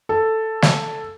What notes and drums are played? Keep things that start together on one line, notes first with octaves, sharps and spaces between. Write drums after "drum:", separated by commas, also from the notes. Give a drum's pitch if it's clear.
A4
drum: snare